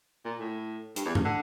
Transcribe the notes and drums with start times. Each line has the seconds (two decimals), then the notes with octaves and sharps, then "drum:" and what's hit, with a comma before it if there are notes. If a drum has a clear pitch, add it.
0.25 A#2
0.40 A2
0.96 G2, drum: hi-hat
1.06 E2
1.15 C#3, drum: tom G2
1.25 D3